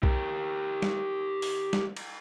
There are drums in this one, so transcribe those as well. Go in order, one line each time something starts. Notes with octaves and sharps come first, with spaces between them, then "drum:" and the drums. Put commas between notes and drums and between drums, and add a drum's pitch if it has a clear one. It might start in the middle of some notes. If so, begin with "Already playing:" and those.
G4 A#4, drum: kick B1
drum: snare
drum: open hi-hat
drum: snare
drum: cymbal